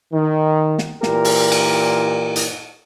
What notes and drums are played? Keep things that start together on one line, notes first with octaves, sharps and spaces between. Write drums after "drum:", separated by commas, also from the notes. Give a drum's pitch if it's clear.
D#3
drum: snare
A#2 E3 G4 A#4, drum: snare
drum: open hi-hat
drum: cymbal
drum: hi-hat